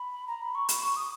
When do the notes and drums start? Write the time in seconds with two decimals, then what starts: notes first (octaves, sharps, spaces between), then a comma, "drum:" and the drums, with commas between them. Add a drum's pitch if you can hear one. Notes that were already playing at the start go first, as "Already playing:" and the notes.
Already playing: B5
0.28 A#5
0.42 B5
0.55 C#6
0.69 B5, drum: hi-hat
0.83 C#6
0.96 D#6